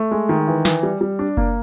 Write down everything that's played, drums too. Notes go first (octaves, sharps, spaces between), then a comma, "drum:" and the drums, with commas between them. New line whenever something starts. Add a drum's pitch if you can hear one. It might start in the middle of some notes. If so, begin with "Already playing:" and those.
Already playing: A3
G#3
D#3
E3
E3, drum: snare
G3
G3
D4
A#3, drum: kick F#1